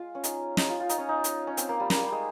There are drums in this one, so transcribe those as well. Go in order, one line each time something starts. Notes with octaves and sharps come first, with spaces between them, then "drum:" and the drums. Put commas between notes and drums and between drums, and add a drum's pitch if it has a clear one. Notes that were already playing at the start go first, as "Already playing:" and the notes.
Already playing: G#3 F4
C#4
D#4, drum: hi-hat
D#4, drum: snare
F4
F4
D#4, drum: hi-hat
C#4
D#4
drum: hi-hat
C#4
C4, drum: hi-hat
A#3
G3
A#3, drum: snare
G3
G#3